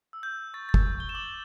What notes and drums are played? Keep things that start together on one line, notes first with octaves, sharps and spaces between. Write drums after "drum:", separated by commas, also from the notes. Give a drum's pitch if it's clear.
E6
G6
E6
C#6 A6
A6
E6, drum: kick
C#6
G7
E7
D6 F#7